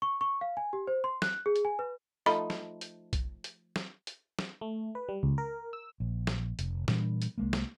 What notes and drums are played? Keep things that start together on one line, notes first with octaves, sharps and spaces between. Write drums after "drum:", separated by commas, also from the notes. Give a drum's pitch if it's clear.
C#6
C#6
F5
G#5
G4
C5
C6
F#6, drum: snare
G#4
drum: hi-hat
G#5
B4
F3 A3 D#4 B5
drum: snare
drum: hi-hat
drum: kick B1, hi-hat
drum: hi-hat
drum: snare
drum: hi-hat
drum: snare
A3
B4
G3
C#2
A#4
E6
A#1
drum: snare
F1, drum: hi-hat
A#2 E3 G3 D4, drum: snare
drum: hi-hat
C2 G#3 A#3
drum: snare